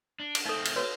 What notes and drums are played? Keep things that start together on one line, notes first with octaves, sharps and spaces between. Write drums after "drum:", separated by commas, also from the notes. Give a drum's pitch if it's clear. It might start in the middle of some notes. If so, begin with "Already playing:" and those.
D4
drum: cymbal
A3 C4 D#4 A4
drum: cymbal
F#4 B4 C#5